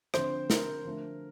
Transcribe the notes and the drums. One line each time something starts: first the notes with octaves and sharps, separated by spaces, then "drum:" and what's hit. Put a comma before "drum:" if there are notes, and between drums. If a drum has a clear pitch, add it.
D3 F3 C4 C5, drum: rim click
A#4, drum: snare
D3 F3 A3